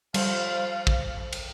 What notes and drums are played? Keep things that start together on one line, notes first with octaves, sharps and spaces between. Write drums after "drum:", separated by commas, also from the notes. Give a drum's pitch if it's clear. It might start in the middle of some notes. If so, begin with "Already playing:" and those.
F3 G3 A4 C5 F5, drum: cymbal
drum: kick
drum: cymbal